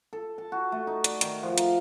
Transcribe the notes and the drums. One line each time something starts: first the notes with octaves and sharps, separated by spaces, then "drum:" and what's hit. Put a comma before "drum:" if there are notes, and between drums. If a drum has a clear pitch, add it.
A4
A5
F#4
A3
D#4
D5, drum: hi-hat
D#3, drum: hi-hat
F3
A#5, drum: hi-hat